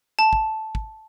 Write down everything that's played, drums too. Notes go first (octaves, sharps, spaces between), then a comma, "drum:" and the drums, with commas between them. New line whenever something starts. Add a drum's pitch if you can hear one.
A5
drum: kick
drum: kick